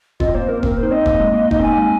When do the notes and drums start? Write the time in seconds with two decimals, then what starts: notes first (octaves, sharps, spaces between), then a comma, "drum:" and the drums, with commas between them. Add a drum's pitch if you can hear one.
0.20 C4 F4 D#5, drum: kick E1
0.34 A#3 C5
0.48 A#3 A#4
0.63 C4 A#4, drum: kick E1
0.77 C5
0.83 D#4
0.91 C4 D#5
1.06 A#3, drum: kick E1
1.20 G#3
1.34 A#3
1.51 D#4, drum: kick E1
1.59 C4 G#5
1.68 A#3
1.78 G#3